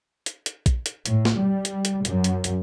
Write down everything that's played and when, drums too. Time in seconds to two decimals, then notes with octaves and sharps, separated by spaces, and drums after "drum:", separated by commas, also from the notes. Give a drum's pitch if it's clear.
0.26 drum: hi-hat
0.46 drum: hi-hat
0.66 drum: kick A#1, hi-hat
0.86 drum: hi-hat
1.06 A2, drum: hi-hat
1.25 drum: snare
1.38 G3
1.65 drum: hi-hat
1.85 drum: hi-hat
2.05 F#2, drum: hi-hat
2.24 drum: hi-hat
2.44 drum: hi-hat